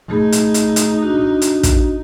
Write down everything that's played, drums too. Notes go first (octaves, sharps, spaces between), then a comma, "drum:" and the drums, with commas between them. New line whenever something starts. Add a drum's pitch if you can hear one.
A3 D#4 G#4 B5
drum: hi-hat
drum: hi-hat
drum: hi-hat
D4 F#4
drum: hi-hat
drum: kick, hi-hat